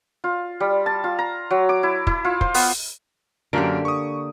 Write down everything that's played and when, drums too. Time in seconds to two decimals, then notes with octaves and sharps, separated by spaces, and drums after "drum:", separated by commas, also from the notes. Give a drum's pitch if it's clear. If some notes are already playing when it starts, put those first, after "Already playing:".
0.24 F4
0.60 G3
0.86 A5
1.04 F4
1.19 A#5
1.50 F#3
1.69 D6
1.83 E4
2.07 E4, drum: kick
2.25 F4
2.41 C5, drum: kick
2.54 B3, drum: open hi-hat
3.53 F#2 D3 A#3 G4 A#4 D7
3.85 C#6 D#6